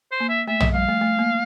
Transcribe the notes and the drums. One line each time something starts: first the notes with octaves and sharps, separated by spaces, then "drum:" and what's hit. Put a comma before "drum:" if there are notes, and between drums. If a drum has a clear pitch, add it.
C5
A#3
E5
A3 E5
F3, drum: tom
G3 F5
A3
A3
A#3